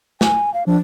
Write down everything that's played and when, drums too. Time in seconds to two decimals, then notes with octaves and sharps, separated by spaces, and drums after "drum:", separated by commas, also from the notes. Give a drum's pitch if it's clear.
0.21 G#5, drum: snare
0.54 F5
0.67 F3 D4